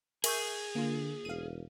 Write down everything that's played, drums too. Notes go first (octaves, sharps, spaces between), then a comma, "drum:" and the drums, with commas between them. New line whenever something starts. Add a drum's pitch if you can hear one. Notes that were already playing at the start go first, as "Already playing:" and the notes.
G#4 A#4 E5 C#6 D#6 G6, drum: cymbal
D3 A#3 F4
E1 F5 D#7